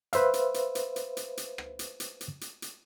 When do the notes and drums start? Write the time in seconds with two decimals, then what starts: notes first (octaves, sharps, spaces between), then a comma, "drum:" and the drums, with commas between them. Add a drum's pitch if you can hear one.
0.13 B4 C5 E5 F5, drum: hi-hat
0.34 drum: hi-hat
0.54 drum: hi-hat
0.75 drum: hi-hat
0.96 drum: hi-hat
1.17 drum: hi-hat
1.37 drum: hi-hat
1.58 drum: rim click
1.79 drum: hi-hat
2.00 drum: hi-hat
2.21 drum: hi-hat
2.41 drum: hi-hat
2.62 drum: hi-hat